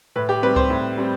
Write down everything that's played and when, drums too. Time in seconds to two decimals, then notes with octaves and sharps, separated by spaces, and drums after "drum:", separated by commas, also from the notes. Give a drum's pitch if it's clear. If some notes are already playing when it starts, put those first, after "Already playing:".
0.16 A2 B4
0.29 G4
0.43 G3 C4 B4
0.56 C5, drum: kick C#2
0.70 A2
0.98 G3 C4